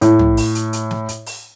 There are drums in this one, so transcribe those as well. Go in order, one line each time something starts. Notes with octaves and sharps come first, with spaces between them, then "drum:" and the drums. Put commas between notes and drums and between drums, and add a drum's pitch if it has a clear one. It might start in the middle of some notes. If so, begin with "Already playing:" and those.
A2, drum: hi-hat
drum: tom
drum: open hi-hat
drum: hi-hat
drum: hi-hat
drum: snare
drum: hi-hat
drum: open hi-hat